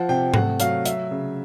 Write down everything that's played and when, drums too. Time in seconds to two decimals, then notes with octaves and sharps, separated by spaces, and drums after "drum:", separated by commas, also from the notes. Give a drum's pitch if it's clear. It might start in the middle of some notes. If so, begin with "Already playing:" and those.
Already playing: F3 F#5
0.09 C3 G5
0.34 A3 F#5, drum: tom G#2
0.60 F#3 F5, drum: hi-hat
0.85 F#3 E5, drum: hi-hat
1.11 C#3